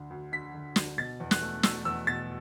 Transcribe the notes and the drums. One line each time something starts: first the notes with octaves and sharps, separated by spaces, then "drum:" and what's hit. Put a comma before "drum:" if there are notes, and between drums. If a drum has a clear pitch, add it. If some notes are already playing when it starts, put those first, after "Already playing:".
Already playing: D2 D3
D2
D3 B6
D3
D2, drum: snare
B2 A6
E2
F#6, drum: snare
A3
A3 E6, drum: snare
E2 E6
B2 A6